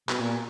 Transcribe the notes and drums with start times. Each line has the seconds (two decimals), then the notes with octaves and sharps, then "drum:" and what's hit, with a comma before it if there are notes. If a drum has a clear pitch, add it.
0.09 B2, drum: clap
0.20 A#2